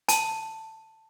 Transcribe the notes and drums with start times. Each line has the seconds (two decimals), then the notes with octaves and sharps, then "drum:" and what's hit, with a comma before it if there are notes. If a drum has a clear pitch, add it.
0.09 A5, drum: hi-hat